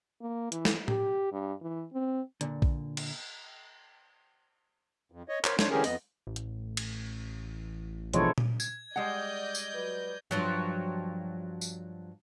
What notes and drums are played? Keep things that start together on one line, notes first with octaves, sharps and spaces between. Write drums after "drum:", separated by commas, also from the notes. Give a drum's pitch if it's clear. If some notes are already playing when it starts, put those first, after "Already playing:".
A#3
E3, drum: hi-hat
drum: snare
G4, drum: tom A2
G2
E3
C4
A#2 D3, drum: hi-hat
drum: kick A#1
drum: cymbal
F2
C#5 D#5
A#4 C5 C#5 B5, drum: clap
D4 C5 C#5, drum: snare
D3 E3 C#4 G4 G#4 A#4
F2 B3 D#5, drum: open hi-hat
A1
drum: hi-hat
drum: cymbal
B2 E3 F3 G#3 D4 E4 A4 C#5, drum: hi-hat
drum: tom A#2
G#6, drum: tambourine
G3 G#3 D5 D#5 F#5 G6
drum: tambourine
F#3 B4
G2 F3 F#3
drum: tambourine